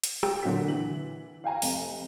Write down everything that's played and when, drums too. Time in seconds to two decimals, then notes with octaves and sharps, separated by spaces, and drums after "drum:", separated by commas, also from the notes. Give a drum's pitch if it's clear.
0.04 drum: hi-hat
0.23 G5, drum: rim click
0.43 A#2 D3 F#3 D4 F#4 B6
0.68 E3 F#7
1.44 F5 G5 G#5 A#5
1.62 F1, drum: open hi-hat